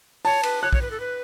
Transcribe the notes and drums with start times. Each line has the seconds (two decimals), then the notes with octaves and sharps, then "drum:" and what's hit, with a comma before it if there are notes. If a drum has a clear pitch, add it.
0.25 C#5 A5, drum: open hi-hat
0.43 B4, drum: cymbal
0.62 C#5 F#6
0.73 C#5, drum: kick
0.82 B4
0.91 A4
1.00 B4